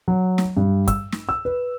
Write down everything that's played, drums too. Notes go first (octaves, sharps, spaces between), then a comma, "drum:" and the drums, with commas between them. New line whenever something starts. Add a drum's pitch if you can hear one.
F#3
drum: snare
G2
E6, drum: kick, hi-hat
drum: snare
E6
B4